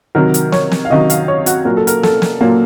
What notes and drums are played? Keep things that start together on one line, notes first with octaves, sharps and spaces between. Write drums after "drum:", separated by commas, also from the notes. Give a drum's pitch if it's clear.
C3 D#3 F#3 A#4
drum: hi-hat
C#5, drum: snare
drum: snare
F5
C3 D#3 F#3 D#5
F5, drum: hi-hat
C#5
F#4, drum: hi-hat
A#2 F#3 A#4
A4
A#4, drum: hi-hat
A4, drum: snare
drum: snare
A#2 F#3 A#3